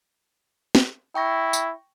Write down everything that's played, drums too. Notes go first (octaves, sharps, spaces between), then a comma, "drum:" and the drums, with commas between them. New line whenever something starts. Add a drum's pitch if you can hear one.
drum: snare
E4 G5 C#6 A#6
drum: tambourine